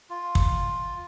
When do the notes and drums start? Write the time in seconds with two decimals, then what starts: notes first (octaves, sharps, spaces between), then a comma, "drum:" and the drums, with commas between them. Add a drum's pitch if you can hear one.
0.10 F4
0.35 drum: kick